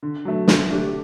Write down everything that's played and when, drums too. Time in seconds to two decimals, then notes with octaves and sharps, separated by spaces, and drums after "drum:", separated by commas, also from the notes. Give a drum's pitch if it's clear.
0.03 D3
0.25 F#3 A3
0.48 D3, drum: snare
0.70 A3 D4 G4